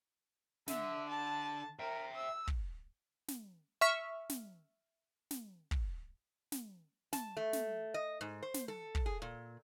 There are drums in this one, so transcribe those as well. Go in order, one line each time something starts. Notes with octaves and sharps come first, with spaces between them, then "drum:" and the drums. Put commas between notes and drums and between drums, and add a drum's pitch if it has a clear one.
D3 E5, drum: snare
A5
A#4 E5 G5
E6
drum: kick
drum: snare
E5 C#6 F6 B6
drum: snare
drum: snare
drum: kick
drum: snare
A5, drum: snare
A3
drum: snare
D#5
G#2
C5
drum: snare
A4
drum: kick
G#4
A#2